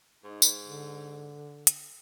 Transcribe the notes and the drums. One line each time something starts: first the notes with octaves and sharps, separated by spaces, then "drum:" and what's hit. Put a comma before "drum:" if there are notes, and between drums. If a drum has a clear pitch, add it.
G#2 D#4
drum: tambourine
D3
drum: hi-hat